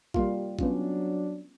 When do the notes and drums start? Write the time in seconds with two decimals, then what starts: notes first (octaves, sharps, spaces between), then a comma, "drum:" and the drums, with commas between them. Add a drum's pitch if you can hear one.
0.14 G3 A#3 F4, drum: kick A1
0.59 F#3 B3 C#4 D4 F4, drum: kick A1